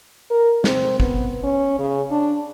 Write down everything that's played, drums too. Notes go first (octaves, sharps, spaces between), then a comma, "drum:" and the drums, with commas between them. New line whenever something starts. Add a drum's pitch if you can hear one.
A#4
C4, drum: snare
B3, drum: kick
C#4
C#3
D4